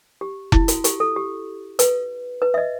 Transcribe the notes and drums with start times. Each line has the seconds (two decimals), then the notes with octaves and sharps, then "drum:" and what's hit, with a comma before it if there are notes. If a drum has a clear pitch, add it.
0.21 G4
0.52 E4, drum: kick F1
0.68 F#4, drum: hi-hat
0.84 G4, drum: hi-hat
1.00 A4
1.16 G4
1.79 B4, drum: hi-hat
2.42 B4
2.54 E5
2.58 D#5